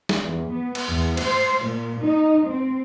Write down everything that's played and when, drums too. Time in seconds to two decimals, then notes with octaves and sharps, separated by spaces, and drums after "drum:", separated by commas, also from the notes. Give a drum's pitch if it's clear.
0.09 drum: snare
0.24 E2
0.52 B3
0.75 drum: cymbal
0.88 E2
1.17 C5, drum: cymbal
1.63 A#2
2.01 D#4
2.45 C4